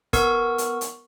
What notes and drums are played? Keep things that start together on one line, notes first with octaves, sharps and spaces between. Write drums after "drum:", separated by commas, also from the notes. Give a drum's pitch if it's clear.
B3 A#4 C#6 E6, drum: kick, hi-hat
drum: hi-hat
drum: hi-hat